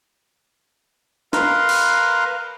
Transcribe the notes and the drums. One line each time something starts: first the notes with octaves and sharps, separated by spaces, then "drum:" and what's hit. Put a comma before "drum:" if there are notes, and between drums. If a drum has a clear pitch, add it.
A#4 B4 F5 A#5 C6, drum: snare
drum: cymbal